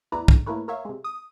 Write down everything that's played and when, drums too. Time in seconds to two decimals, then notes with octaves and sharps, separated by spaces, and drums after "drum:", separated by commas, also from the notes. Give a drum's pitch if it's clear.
0.12 A1 E2 E4 B4 D5 A#5
0.28 G#2 D3, drum: kick
0.46 A3 A#3 E4 A#4 B4 C#5
0.68 A#4 C#5 E5 F5
0.85 C3 G#3
1.04 D#6